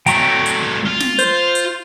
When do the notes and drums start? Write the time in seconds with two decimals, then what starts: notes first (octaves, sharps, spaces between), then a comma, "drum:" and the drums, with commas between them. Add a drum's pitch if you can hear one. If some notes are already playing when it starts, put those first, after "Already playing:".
0.06 F#3 A3 G5 A#5 C#6, drum: hi-hat
0.46 drum: hi-hat
0.86 F4
1.00 drum: snare
1.19 C5, drum: hi-hat
1.55 drum: hi-hat